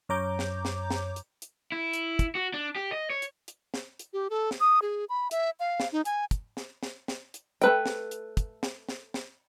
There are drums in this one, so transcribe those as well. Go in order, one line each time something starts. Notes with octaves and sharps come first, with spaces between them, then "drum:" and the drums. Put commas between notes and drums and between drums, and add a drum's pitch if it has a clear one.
F#2 C#5 A#5 D6 G6
drum: snare
drum: snare
drum: snare
drum: hi-hat
drum: hi-hat
E4
drum: hi-hat
drum: kick, hi-hat
F#4
D4
G4
D#5
C#5
drum: hi-hat
drum: hi-hat
drum: snare
drum: hi-hat
G4
A4
drum: snare
D#6
G#4
B5
E5, drum: hi-hat
F5
drum: snare
D#4
G#5, drum: hi-hat
drum: kick, hi-hat
drum: snare
drum: snare
drum: snare
drum: hi-hat
A3 B4 G5, drum: hi-hat
drum: snare
drum: hi-hat
drum: kick, hi-hat
drum: snare
drum: snare
drum: snare